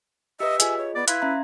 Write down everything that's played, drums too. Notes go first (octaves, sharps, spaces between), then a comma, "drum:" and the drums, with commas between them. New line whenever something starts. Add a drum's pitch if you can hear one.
G4 B4 D#5 E5
F4 G#4 D#5 G#5, drum: hi-hat
C#5
B3 D5
E4 B4 F5 C6 G#6, drum: hi-hat
C#4 E5 A#5